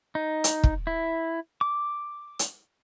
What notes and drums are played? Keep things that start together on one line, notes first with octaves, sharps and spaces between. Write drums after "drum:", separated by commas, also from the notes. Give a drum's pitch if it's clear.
D#4
drum: hi-hat
drum: kick
E4
D6
drum: hi-hat